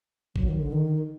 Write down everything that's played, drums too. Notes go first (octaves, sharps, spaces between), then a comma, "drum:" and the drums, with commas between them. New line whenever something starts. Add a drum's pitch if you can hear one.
F#3, drum: kick G#1
D#3
D3
D#3